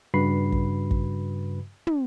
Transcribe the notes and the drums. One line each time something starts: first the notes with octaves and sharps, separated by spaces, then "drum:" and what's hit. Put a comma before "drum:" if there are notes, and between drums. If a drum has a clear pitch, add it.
G2 C#3 F#4 B4 B5 C7
drum: kick
drum: kick
drum: tom